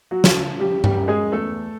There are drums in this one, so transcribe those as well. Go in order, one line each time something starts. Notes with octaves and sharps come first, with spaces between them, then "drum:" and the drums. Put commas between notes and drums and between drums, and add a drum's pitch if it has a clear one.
F#3 F#4
F3, drum: snare
C#3 G3 G4
G3 G4, drum: tom G2
F#2
G#3 G#4
E2 A3 A4